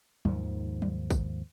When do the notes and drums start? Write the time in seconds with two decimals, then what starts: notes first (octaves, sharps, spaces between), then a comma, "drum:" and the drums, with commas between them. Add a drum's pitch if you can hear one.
0.25 D#2 G#2 D#3 F3, drum: tom F#3
0.82 drum: tom F#3
1.10 drum: kick, tambourine